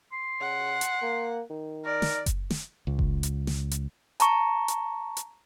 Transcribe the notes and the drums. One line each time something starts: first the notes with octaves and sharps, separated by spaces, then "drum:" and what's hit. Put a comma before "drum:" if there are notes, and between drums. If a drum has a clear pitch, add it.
C6
C#3 F#5
drum: hi-hat
A#3
D#3
A#4 D5
drum: snare
drum: kick F#1, hi-hat
drum: snare
C#2
drum: kick F#1
drum: hi-hat
drum: snare
drum: hi-hat
A5 A#5 C#6, drum: hi-hat
drum: hi-hat
drum: hi-hat